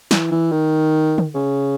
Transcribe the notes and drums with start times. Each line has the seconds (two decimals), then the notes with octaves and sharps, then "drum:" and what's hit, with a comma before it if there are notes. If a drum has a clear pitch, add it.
0.11 E3, drum: snare
0.31 E3
0.52 D#3
1.18 drum: tom
1.35 C#3